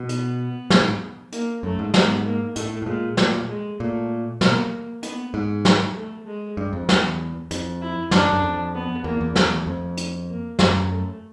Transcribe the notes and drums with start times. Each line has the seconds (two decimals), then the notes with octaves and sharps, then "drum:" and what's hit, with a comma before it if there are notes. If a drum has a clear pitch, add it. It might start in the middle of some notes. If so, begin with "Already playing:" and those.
Already playing: B2
0.09 B3, drum: hi-hat
0.70 A#2, drum: snare
0.81 G#2
1.32 A#3, drum: hi-hat
1.63 F#2 A3
1.79 G#2
1.94 G#2 B3, drum: snare
2.26 A#3
2.56 A2 A3, drum: hi-hat
2.82 A2
2.86 A#2 G#3
3.17 A#2 A3, drum: snare
3.49 G#3
3.80 A#2 A3
4.41 B2 A#3, drum: snare
5.03 B3, drum: hi-hat
5.34 G#2
5.65 drum: snare
5.96 A3
6.27 G#3
6.57 G2
6.73 F2
6.89 E2, drum: snare
7.51 F2, drum: hi-hat
7.81 E4
8.11 F#2 D4, drum: snare
8.22 G2
8.33 F#2
8.43 F2
8.74 B3
9.04 E2 A#3
9.21 E2
9.35 E2 A3, drum: snare
9.67 F2
9.97 drum: hi-hat
10.28 A#3
10.59 F#2 A3, drum: snare
10.90 A3